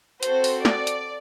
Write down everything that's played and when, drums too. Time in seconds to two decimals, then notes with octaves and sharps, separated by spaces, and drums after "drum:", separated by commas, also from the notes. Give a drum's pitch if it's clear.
0.23 C4 F#4 A4 C5, drum: hi-hat
0.44 drum: open hi-hat
0.65 D5, drum: snare
0.87 drum: hi-hat